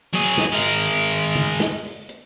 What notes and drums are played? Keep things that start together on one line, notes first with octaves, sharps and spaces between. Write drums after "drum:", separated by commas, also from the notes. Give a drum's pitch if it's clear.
F#3 G#4, drum: hi-hat
drum: snare
G#3 A#4
drum: hi-hat
drum: hi-hat
drum: hi-hat
drum: tom C#3
drum: snare
drum: open hi-hat
drum: hi-hat